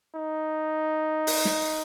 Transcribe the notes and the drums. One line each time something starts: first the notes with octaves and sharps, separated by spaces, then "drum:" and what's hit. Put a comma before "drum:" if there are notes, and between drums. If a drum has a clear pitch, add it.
D#4
drum: open hi-hat
drum: snare